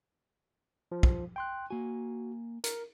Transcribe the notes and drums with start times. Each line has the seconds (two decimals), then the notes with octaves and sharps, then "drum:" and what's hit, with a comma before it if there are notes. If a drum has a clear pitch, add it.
0.92 F3
1.03 drum: kick
1.36 G5 C6 F#6
1.70 A#3 F#4 G#5
2.64 A#4, drum: hi-hat